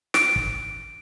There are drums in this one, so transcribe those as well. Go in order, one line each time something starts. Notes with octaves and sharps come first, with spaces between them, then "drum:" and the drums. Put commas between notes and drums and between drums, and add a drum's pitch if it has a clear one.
D7, drum: snare
drum: kick